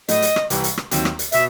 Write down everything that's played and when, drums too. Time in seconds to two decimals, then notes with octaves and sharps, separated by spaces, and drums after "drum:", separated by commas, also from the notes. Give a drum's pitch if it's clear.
0.08 A2 F#3 A3 D#5, drum: hi-hat
0.22 drum: hi-hat
0.36 drum: rim click
0.50 C2 C3 E3 G3, drum: hi-hat
0.64 drum: hi-hat
0.78 drum: rim click
0.91 D#2 D#3 F#3 C4, drum: hi-hat
1.05 drum: rim click
1.19 drum: hi-hat
1.32 B2 E5, drum: hi-hat